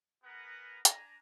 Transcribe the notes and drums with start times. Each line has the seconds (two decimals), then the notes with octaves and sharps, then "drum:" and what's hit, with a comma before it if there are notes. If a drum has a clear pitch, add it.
0.24 B3 G#4 A#4 B4 F#5 A#5
0.85 D4 G#5 A#5, drum: hi-hat